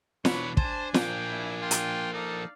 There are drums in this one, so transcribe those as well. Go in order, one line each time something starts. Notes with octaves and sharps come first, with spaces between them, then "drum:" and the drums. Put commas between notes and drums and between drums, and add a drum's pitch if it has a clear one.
B2 E3 D4 C#5 B5, drum: snare
D4 C5 G#5 A5, drum: kick
F3 A#3 G5, drum: snare
E4
F4 G5
drum: hi-hat
D#4 A4 D5 F5